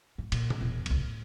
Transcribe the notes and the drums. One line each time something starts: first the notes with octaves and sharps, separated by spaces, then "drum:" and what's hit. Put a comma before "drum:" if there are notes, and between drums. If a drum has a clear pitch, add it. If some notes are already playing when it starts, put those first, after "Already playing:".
G#2
A#2, drum: cymbal
drum: tom A#2
E1 E2
F1 C#2, drum: cymbal
A2